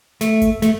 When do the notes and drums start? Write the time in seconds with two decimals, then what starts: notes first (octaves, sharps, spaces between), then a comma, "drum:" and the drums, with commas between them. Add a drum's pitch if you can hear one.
0.21 A3, drum: snare
0.42 drum: kick G1, hi-hat
0.62 A3, drum: snare